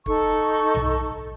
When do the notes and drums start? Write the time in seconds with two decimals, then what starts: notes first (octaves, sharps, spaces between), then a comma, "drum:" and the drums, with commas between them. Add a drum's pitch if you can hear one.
0.06 D#4 A4 C#6, drum: kick
0.75 drum: tom B1